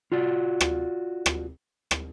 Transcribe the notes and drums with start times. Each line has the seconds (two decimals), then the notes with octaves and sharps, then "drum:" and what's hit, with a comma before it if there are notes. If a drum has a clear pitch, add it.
0.12 F4 F#4 D5
0.61 drum: rim click
1.26 drum: rim click
1.91 drum: rim click